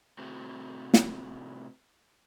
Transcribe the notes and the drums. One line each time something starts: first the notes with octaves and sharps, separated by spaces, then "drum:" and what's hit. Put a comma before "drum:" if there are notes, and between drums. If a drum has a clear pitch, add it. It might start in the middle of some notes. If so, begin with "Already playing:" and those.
A2 C3 A3 C4 F#4
drum: snare